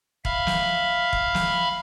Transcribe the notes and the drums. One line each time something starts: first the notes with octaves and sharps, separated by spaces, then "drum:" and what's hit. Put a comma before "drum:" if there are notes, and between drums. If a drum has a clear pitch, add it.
E5 F5 B5 F6, drum: kick E1
drum: snare
drum: kick E1
drum: snare